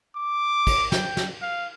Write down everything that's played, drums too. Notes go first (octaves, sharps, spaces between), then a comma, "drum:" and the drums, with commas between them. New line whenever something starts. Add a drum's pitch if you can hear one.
D6
drum: kick, cymbal
G5, drum: snare
drum: snare
F5